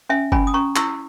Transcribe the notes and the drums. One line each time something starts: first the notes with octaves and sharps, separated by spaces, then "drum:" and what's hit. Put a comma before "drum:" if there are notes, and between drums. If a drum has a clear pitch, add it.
C#4 E5 G#5
C#4 G#5 B5, drum: kick F#1
D#6
C#4 A#5 C#6
E4 C#6 E6, drum: clap